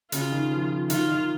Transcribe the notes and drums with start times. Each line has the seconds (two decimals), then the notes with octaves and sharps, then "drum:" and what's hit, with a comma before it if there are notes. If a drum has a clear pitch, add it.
0.12 C#3 F4, drum: hi-hat
0.32 D#3
0.51 F3
0.90 D#3 F4, drum: hi-hat
1.09 D#3